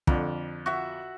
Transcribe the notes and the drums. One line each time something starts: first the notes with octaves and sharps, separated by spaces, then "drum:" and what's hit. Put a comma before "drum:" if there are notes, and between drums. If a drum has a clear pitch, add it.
F2 D3, drum: kick
F#4 E5